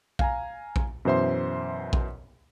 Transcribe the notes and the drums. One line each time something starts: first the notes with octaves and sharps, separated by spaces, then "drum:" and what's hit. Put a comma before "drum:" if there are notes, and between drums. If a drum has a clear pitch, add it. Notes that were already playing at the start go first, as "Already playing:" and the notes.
F5 G#5 A#5, drum: kick A#1
drum: kick A#1
F#2 B2 E3 C5 E5 C6
drum: kick A#1